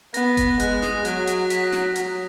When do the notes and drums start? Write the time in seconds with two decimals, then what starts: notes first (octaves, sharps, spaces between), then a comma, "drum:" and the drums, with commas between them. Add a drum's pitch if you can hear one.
0.14 B3 A#6, drum: hi-hat
0.37 A#6, drum: kick F#1, hi-hat
0.60 G#3 F#6, drum: hi-hat
0.82 D#6, drum: snare
1.05 F#3 A#6, drum: hi-hat
1.27 drum: hi-hat
1.50 B6, drum: hi-hat
1.72 drum: snare
1.96 F#3, drum: hi-hat